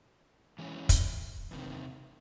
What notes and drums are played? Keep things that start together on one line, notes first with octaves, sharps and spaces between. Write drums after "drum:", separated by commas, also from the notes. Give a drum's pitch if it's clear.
E3 G#3 C#4
drum: kick, hi-hat
E2 C3 D#3